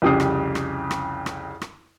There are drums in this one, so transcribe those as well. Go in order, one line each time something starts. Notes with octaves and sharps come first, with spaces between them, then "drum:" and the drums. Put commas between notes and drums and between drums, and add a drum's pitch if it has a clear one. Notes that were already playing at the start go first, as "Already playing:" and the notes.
C2 F2 C#3 G4 D#6 C7
drum: rim click
drum: rim click
drum: rim click
drum: rim click
drum: rim click